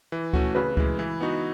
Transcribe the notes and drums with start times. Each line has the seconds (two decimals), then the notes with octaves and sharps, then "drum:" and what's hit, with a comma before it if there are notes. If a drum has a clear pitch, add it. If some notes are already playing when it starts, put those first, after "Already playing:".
0.12 E3
0.33 A3 C#4 F#4, drum: kick C#2
0.55 C#3 B4
0.77 E3 G#3, drum: kick C#2
0.99 E3
1.21 B3 D#4 F#4